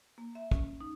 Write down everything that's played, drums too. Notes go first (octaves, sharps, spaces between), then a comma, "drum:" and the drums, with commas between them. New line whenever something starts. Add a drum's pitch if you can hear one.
A#3
E5
C#4, drum: kick
D#4